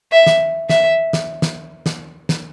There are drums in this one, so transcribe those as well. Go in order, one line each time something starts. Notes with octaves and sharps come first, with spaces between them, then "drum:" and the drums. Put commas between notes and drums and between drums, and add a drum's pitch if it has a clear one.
E5
drum: snare
E5, drum: snare
drum: snare
drum: snare
drum: snare
drum: snare